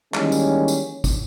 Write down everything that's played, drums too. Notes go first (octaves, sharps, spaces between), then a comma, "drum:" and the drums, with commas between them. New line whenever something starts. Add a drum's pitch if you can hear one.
D#3 E3 G3 G#3 A#3 C#4, drum: clap
drum: tambourine
drum: tambourine
drum: kick, tambourine